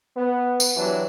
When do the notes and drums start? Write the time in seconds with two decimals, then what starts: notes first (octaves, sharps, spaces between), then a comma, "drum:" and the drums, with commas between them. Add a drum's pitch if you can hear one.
0.16 B3
0.60 drum: tambourine
0.77 E3 F#3 D4 G4 B4